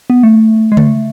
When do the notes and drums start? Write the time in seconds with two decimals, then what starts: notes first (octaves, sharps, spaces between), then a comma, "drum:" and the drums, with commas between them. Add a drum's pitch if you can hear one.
0.10 B3
0.23 A3
0.72 G#3
0.77 A3, drum: tom C#3